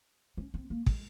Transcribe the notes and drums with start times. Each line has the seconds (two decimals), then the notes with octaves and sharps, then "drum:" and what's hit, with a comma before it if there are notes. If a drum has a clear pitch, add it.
0.37 C#4
0.54 C4
0.70 A#3
0.86 G#3, drum: kick